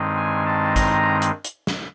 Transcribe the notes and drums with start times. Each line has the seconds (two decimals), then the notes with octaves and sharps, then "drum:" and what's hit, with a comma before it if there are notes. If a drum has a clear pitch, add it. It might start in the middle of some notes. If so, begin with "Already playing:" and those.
Already playing: G2 D#3 G#3 C4 D#4
0.16 G#5
0.46 A5
0.76 A#5, drum: kick, hi-hat
1.22 drum: hi-hat
1.45 drum: hi-hat
1.67 drum: snare